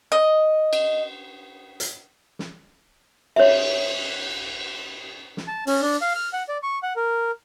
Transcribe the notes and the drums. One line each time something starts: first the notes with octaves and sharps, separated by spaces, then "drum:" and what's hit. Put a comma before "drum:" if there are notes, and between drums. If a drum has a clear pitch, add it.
D#5
drum: cymbal
drum: hi-hat
drum: snare
C#5 E5, drum: cymbal
drum: snare
A5
C#4, drum: open hi-hat
D4
F5
F6
F#5
D5
C#6
F#5
A#4